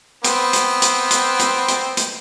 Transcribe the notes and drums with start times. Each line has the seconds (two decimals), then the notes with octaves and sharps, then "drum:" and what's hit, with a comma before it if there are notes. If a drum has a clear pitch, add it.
0.24 B3 C4, drum: hi-hat
0.53 drum: hi-hat
0.82 drum: hi-hat
1.11 drum: hi-hat
1.39 drum: hi-hat
1.68 drum: hi-hat
1.97 drum: hi-hat